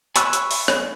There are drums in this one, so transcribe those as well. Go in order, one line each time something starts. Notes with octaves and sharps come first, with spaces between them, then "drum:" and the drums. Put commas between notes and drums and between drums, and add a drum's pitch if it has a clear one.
G#5 B5 C#6 E6 F#6, drum: hi-hat
drum: hi-hat
drum: open hi-hat
drum: rim click